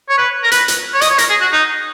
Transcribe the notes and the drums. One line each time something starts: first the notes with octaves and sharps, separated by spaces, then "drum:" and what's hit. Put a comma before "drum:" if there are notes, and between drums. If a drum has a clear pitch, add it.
C#5
B4
A#4
B4, drum: hi-hat
drum: hi-hat
C#5
D#5, drum: hi-hat
C#5
A#4, drum: hi-hat
G#4
F#4
D#4